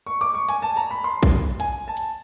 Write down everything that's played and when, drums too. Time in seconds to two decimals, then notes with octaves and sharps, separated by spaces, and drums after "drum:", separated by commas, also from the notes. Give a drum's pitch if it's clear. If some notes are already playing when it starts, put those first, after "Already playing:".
0.07 C#6
0.21 D6
0.34 C#6
0.49 G#5, drum: hi-hat
0.62 A5
0.76 A#5
0.91 B5
1.04 C6
1.23 drum: kick, hi-hat
1.60 G#5, drum: hi-hat
1.88 A5
1.97 drum: hi-hat